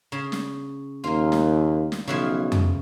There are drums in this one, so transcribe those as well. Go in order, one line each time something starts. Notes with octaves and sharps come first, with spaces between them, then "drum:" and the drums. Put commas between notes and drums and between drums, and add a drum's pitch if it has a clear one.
C#3
drum: snare
D#2 A#3 F4
drum: snare
drum: snare
B1 C#3 E3 F3
drum: tom F2